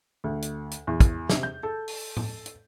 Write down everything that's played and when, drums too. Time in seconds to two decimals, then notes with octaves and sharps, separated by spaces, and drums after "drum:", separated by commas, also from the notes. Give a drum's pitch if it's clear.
0.24 D2
0.42 drum: hi-hat
0.71 drum: hi-hat
0.87 E2
1.00 drum: kick, hi-hat
1.29 C3, drum: snare
1.43 G6
1.63 A4
1.88 drum: open hi-hat
2.17 drum: tom A2
2.46 drum: hi-hat